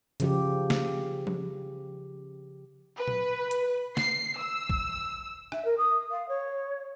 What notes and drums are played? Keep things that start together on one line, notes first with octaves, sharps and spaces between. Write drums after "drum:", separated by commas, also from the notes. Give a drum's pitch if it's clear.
C#3 F3 G4, drum: hi-hat
drum: snare
drum: tom F3
B4
drum: tom A#2
drum: hi-hat
C7, drum: snare
E6
drum: kick
E5, drum: rim click
A#4
D#6
F5
C#5